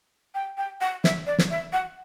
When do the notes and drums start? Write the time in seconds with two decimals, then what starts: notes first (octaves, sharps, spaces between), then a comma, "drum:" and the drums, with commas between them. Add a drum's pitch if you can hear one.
0.35 G5
0.57 G5
0.81 F#5
1.04 E5, drum: snare
1.26 D5
1.38 drum: snare
1.50 E5
1.73 F#5